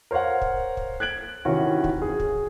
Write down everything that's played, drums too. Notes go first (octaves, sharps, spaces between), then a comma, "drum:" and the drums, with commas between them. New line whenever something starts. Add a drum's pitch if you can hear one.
A#4 C5 C#5 F5 F#5
drum: kick
drum: kick
F#6 G#6 D7 F#7
C3 D#3 E3 C#4 F#4
drum: kick
G#4
drum: kick